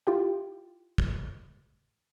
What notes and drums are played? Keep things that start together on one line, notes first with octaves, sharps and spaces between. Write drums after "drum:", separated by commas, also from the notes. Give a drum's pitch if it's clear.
E4 F4 G4 G5
drum: kick